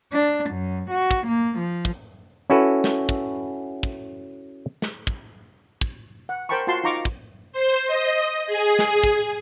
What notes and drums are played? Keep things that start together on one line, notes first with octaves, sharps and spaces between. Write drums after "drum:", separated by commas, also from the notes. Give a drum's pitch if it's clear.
D4
F#2
F#4
drum: kick
A#3
F3
drum: kick
C#4 E4 F#4 A4 B4
drum: snare
drum: kick
drum: kick
drum: snare
drum: kick
drum: kick
F#5
A#4 C5 G5 A5 B5 C#6
F4 F#4 A5 C6
D#4 F4 A#5 C#6 D6
drum: kick
C5
D#5
G#4
drum: snare
drum: kick